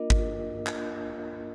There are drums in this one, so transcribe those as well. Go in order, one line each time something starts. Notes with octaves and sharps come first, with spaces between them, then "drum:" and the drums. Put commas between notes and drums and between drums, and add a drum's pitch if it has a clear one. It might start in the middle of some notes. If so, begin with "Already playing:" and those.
Already playing: A#3 D4 F4 A#4 D#5
drum: kick
A#3 D4 F4 A#4 D#5, drum: clap